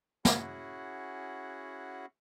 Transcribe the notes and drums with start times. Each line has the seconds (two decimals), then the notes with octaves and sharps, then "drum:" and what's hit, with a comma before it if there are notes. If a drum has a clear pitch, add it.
0.25 C#4 E4 F#4 G#4 F#5, drum: snare